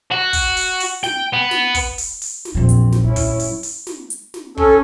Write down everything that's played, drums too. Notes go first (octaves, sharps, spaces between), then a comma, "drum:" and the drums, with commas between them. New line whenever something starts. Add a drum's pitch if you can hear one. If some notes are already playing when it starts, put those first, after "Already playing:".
F#4
drum: kick, open hi-hat
drum: open hi-hat
drum: open hi-hat
G5, drum: snare
B3
drum: snare
drum: kick, open hi-hat
drum: open hi-hat
drum: open hi-hat
drum: snare
A#1 E2 F3 C4
drum: hi-hat
drum: snare
F#2 C#4 E4
drum: kick, open hi-hat
drum: open hi-hat
drum: open hi-hat
drum: snare
drum: hi-hat
drum: snare
C#4 A4, drum: kick